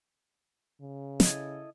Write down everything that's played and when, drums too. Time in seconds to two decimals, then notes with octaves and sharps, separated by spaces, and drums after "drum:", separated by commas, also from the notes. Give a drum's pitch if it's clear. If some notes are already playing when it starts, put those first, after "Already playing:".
0.81 C#3
1.20 E4 A4 D#5, drum: snare